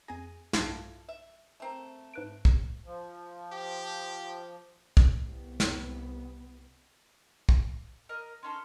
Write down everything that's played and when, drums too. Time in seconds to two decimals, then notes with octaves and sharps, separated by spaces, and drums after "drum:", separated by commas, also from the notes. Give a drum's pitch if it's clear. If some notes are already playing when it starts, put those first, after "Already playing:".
0.08 F2 G#4 G#5 A#6
0.53 B1 G2 E4 F4 A4, drum: snare
1.09 E5
1.60 A3 C4 A#4
2.14 G#2 B4 D7
2.45 drum: kick
2.85 F3
3.52 G4
4.97 drum: kick
5.24 C2 B3
5.60 drum: snare
7.49 drum: kick
8.09 A#4 D#5
8.43 C#4 D#4 A4 C6